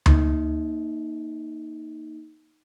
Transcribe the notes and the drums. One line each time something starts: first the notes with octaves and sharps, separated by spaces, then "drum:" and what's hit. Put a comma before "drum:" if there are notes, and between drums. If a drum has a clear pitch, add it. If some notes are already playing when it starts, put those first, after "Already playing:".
A#3 D#4, drum: tom D2